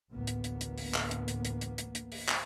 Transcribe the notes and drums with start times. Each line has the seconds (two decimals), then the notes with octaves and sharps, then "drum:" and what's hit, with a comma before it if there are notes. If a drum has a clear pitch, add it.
0.11 A1 D2 A2 A#3 B3
0.27 drum: hi-hat
0.44 drum: hi-hat
0.61 drum: hi-hat
0.78 drum: open hi-hat
0.94 drum: clap
1.11 drum: hi-hat
1.28 drum: hi-hat
1.45 drum: hi-hat
1.61 drum: hi-hat
1.78 drum: hi-hat
1.95 drum: hi-hat
2.12 drum: open hi-hat
2.28 drum: clap